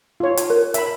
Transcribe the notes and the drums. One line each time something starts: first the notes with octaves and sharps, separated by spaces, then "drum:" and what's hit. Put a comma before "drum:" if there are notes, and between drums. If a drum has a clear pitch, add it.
F4 C#5
drum: hi-hat
A#4
E5 B5, drum: hi-hat